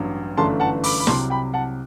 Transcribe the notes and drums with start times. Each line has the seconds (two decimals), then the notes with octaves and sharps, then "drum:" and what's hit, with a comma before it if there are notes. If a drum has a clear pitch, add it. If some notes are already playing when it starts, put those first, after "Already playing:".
Already playing: A1 G2 F#3
0.37 G1 F#2 E3 A3 D4 A5 C6
0.60 F#5 A5
0.84 B5 D6, drum: open hi-hat
1.00 B5
1.07 C2 C3 F#3 A5 C6, drum: snare
1.30 G5 B5
1.54 F#5 A5